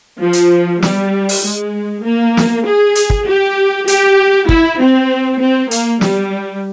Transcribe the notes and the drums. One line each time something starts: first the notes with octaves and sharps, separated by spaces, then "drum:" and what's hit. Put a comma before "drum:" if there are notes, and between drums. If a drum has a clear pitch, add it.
F3
drum: hi-hat
G3, drum: snare
drum: open hi-hat
G#3
A#3
drum: snare
G#4
drum: hi-hat
drum: kick
G4
G4, drum: hi-hat
E4, drum: kick
C4
C4
A#3, drum: hi-hat
G3, drum: snare